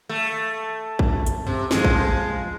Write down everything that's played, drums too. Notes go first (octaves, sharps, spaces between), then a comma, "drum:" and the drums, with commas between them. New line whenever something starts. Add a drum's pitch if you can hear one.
A3
drum: kick
drum: hi-hat
C3, drum: tom F#2
F3 G#3, drum: snare
drum: kick